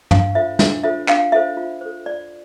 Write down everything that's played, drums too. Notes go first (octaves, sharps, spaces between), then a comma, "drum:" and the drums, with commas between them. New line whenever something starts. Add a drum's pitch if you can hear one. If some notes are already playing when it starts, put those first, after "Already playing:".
D4 F5, drum: tom
F4 A4 C5 E5
D4 E5, drum: snare
F4 A4 C5 E5
D4 F5, drum: clap
F4 A4 C5 E5
F4
A4 C5
F4 D5